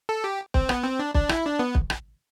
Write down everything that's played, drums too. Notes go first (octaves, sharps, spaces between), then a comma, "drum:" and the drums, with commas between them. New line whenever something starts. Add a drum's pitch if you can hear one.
A4
G4
C4, drum: kick
B3, drum: rim click
C4
D4
D4, drum: kick
E4, drum: rim click
D4
B3
drum: kick
drum: rim click